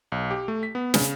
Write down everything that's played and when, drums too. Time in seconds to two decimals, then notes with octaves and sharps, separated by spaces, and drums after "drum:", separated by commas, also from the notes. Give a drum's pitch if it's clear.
0.12 B1
0.31 G4
0.48 A3
0.63 B6
0.75 B3
0.94 C#3, drum: snare